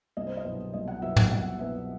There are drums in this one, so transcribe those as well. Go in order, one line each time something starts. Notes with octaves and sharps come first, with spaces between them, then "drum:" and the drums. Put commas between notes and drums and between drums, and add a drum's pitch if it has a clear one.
C2 D#5
C5
D#5
B2 F#3 B3
C2 D#5
F#5
B2 F#3 B3 E5
F#5, drum: tom
C2 F#5
B2 F#3 B3 E5